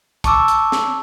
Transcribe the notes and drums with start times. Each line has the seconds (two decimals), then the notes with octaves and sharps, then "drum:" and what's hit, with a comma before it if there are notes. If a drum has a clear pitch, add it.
0.24 A5 C#6 D6 E6, drum: kick, hi-hat
0.48 drum: hi-hat
0.72 drum: snare